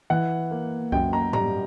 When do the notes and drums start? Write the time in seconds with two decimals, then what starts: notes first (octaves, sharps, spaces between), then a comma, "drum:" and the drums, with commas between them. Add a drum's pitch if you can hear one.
0.10 E3 F#5
0.51 A#3
0.92 F#2 G5, drum: kick C2
1.13 A#5
1.33 G3 A#5, drum: tom G#2